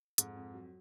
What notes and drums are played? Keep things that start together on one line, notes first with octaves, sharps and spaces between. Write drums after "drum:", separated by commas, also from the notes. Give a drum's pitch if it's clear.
F2 G#2, drum: hi-hat
F2
F#3